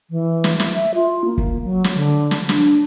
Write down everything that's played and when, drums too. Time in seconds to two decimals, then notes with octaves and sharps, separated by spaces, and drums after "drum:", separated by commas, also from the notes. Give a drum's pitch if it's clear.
0.10 E3
0.44 drum: snare
0.60 drum: snare
0.75 E5
0.95 F4
1.25 A#3
1.38 drum: kick
1.64 F#3
1.84 drum: snare
1.95 D3
2.31 drum: snare
2.49 D4, drum: snare